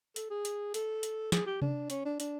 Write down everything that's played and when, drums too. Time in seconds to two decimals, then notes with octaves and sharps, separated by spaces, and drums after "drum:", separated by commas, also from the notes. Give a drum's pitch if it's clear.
0.16 A4, drum: hi-hat
0.30 G#4
0.45 drum: hi-hat
0.74 A4, drum: hi-hat
1.03 drum: hi-hat
1.32 G#4, drum: snare
1.46 G4
1.62 D4, drum: tom C3
1.90 C#4, drum: hi-hat
2.05 D4
2.20 D4, drum: hi-hat